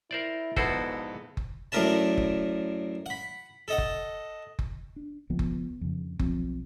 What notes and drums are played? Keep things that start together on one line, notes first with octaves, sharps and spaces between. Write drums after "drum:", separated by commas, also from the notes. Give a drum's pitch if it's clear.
E4 A#4 C5 D5
A#1 G#2 B3 E4 F#4 A4 C5, drum: kick F#1
drum: kick F#1
F#2 A2 D4 A#4 B4 A5
drum: kick F#1
F#5 B5
A4 D#5 F#5
drum: kick F#1
drum: kick F#1
D4
C#2 F3 B3
drum: kick F#1
F2 C#3
B1 F3 C4, drum: kick F#1